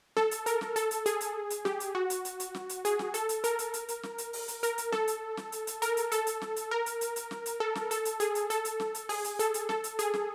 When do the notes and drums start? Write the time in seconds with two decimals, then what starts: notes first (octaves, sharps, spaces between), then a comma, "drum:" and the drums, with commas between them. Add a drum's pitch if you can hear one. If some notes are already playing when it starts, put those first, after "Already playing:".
0.17 A4, drum: snare
0.31 drum: hi-hat
0.46 A#4, drum: hi-hat
0.61 drum: snare
0.76 A4, drum: hi-hat
0.91 drum: hi-hat
1.06 G#4, drum: hi-hat
1.21 drum: hi-hat
1.50 drum: hi-hat
1.65 G4, drum: snare
1.80 drum: hi-hat
1.95 F#4
2.10 drum: hi-hat
2.25 drum: hi-hat
2.40 drum: hi-hat
2.55 drum: snare
2.69 drum: hi-hat
2.85 G#4, drum: hi-hat
2.99 drum: snare
3.14 A4, drum: hi-hat
3.29 drum: hi-hat
3.44 A#4, drum: hi-hat
3.59 drum: hi-hat
3.74 drum: hi-hat
3.88 drum: hi-hat
4.03 drum: snare
4.18 drum: hi-hat
4.33 drum: open hi-hat
4.48 drum: hi-hat
4.63 A#4, drum: hi-hat
4.78 drum: hi-hat
4.92 A4, drum: snare
5.08 drum: hi-hat
5.37 drum: snare
5.52 drum: hi-hat
5.67 drum: hi-hat
5.82 A#4, drum: hi-hat
5.97 drum: hi-hat
6.12 A4, drum: hi-hat
6.27 drum: hi-hat
6.42 drum: snare
6.56 drum: hi-hat
6.71 A#4
6.86 drum: hi-hat
7.01 drum: hi-hat
7.16 drum: hi-hat
7.31 drum: snare
7.46 drum: hi-hat
7.60 A4
7.75 drum: snare
7.91 A4, drum: hi-hat
8.05 drum: hi-hat
8.20 G#4, drum: hi-hat
8.35 drum: hi-hat
8.50 A4, drum: hi-hat
8.65 drum: hi-hat
8.80 drum: snare
8.95 drum: hi-hat
9.09 G#4, drum: open hi-hat
9.24 drum: hi-hat
9.39 A4, drum: hi-hat
9.54 drum: hi-hat
9.69 A4, drum: snare
9.84 drum: hi-hat
9.99 G#4, drum: hi-hat
10.14 drum: snare